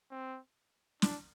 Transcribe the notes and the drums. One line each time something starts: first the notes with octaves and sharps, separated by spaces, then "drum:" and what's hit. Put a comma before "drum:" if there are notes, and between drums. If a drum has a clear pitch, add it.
C4
D4, drum: snare